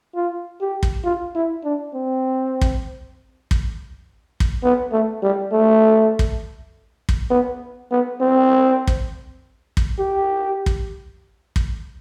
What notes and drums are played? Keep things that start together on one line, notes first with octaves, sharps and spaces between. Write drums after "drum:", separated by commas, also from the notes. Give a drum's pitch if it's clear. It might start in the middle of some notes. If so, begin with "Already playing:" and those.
F4
G4
drum: kick
F4
E4
D4
C4
drum: kick
drum: kick
drum: kick
B3
A3
G3
A3
drum: kick
drum: kick
B3
B3
C4
drum: kick
drum: kick
G4
drum: kick
drum: kick